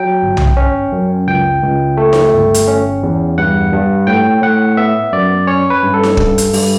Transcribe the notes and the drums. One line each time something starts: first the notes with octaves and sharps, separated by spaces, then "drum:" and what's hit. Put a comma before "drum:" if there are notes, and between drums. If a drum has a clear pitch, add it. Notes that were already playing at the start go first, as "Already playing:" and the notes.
Already playing: F#3 G5
G1
drum: tom
C#4
F#2
C#2 G5
C#2
A3
drum: snare D#4
G1
drum: hi-hat
C#4
E2
G2 F#5
G2
A2 G5
A2 F#5
B3 E5
F#2 D5
C#4 C#5
B4
G2
A4
drum: snare D#4
G2, drum: kick
drum: hi-hat
G2, drum: open hi-hat